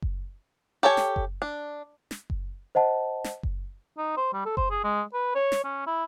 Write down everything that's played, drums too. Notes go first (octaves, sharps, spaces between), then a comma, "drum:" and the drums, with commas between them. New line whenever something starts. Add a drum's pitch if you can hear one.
drum: kick F#1
G4 A4 C#5 G5 G#5
drum: snare
drum: kick F#1
D4
drum: snare
drum: kick F#1
C5 D#5 F#5 A5
drum: snare
drum: kick F#1
D#4
C5
G3
A4
C5, drum: kick F#1
G#4
G#3
B4
C#5
drum: snare
C#4
E4